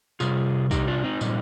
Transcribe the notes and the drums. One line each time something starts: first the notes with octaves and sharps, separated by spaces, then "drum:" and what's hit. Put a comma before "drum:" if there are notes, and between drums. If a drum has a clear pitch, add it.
C3 G3 F4 G#4, drum: tambourine
D#4 G4, drum: kick B1, tambourine
D4 F4
C4 D#4
A#2 G3, drum: tambourine